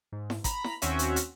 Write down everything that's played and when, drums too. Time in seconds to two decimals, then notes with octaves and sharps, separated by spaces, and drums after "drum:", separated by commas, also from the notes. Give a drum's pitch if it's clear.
0.12 G#2
0.30 drum: snare E4
0.44 A#5 B5, drum: kick, hi-hat
0.64 drum: snare E4
0.82 D#2 C4 C#4 F#4 E5, drum: hi-hat
0.99 drum: hi-hat
1.16 drum: hi-hat